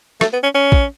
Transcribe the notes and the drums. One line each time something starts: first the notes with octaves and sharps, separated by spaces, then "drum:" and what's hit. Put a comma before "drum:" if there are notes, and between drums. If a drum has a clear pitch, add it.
A3, drum: rim click
B3
C#4
C#4
drum: kick